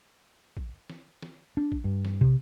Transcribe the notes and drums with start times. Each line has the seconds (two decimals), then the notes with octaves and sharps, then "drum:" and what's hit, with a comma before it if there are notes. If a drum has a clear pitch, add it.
0.57 drum: kick
0.90 drum: snare
1.22 drum: snare
1.57 D4
1.72 drum: kick
1.84 G2
2.05 drum: snare
2.21 C3, drum: kick